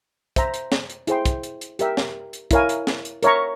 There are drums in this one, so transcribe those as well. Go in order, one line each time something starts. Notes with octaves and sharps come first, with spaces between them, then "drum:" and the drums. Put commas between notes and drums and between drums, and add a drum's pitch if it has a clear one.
C5 E5 A#5, drum: kick, hi-hat
drum: hi-hat
drum: snare
drum: hi-hat
E4 G#4 C5 G5 C6, drum: hi-hat
drum: kick, hi-hat
drum: hi-hat
drum: hi-hat
G4 A#4 E5 G5, drum: hi-hat
drum: snare
drum: hi-hat
E4 A#4 C#5 F5 G#5, drum: kick, hi-hat
drum: hi-hat
drum: snare
drum: hi-hat
A#4 C#5 E5 A#5 C#6, drum: hi-hat